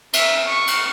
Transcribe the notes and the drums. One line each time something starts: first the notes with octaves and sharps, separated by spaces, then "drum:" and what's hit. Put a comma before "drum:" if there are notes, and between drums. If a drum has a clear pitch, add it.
E5, drum: cymbal
C#6
drum: cymbal